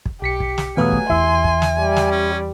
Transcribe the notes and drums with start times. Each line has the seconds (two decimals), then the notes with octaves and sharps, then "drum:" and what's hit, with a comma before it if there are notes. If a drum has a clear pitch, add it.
0.06 drum: kick
0.22 B1 G4 B6 C#7
0.40 drum: kick
0.58 drum: snare
0.77 E2 B2 F#3 A3 G#4 B4 F5 G#5
0.92 drum: kick
1.10 E2 E3 E5 C6, drum: kick
1.44 drum: kick
1.62 drum: snare
1.79 G3
1.96 drum: snare
2.11 C#4